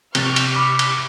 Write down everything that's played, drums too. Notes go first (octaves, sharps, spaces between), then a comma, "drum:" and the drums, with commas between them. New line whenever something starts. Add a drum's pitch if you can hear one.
C3 C#6 F6 G6 A6, drum: cymbal
drum: cymbal
B5 C#6 D6
drum: cymbal